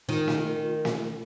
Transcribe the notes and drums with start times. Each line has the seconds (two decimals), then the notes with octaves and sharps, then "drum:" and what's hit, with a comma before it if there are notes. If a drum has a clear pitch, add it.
0.09 D#3 F4
0.28 drum: snare
0.85 drum: snare